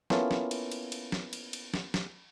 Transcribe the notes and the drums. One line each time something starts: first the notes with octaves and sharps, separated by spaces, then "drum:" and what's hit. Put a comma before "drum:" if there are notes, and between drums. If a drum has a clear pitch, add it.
A#3 B3 C#4 E4 F4 A4, drum: snare
drum: snare
drum: cymbal
drum: cymbal
drum: cymbal
drum: snare
drum: cymbal
drum: cymbal
drum: snare
drum: snare